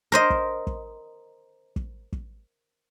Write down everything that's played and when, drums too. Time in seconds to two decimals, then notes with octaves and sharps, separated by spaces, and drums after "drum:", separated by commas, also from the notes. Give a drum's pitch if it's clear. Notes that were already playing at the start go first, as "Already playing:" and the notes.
0.12 A#4 C5 D#5
0.30 drum: kick
0.67 drum: kick
1.76 drum: kick
2.12 drum: kick